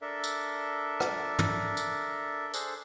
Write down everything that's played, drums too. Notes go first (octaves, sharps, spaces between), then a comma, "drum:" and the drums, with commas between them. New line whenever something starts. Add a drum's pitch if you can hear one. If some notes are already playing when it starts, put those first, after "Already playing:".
D4 A4 A#4 E5
drum: tambourine
drum: rim click
drum: tom
drum: tambourine
D4 G#4 A4 C5, drum: tambourine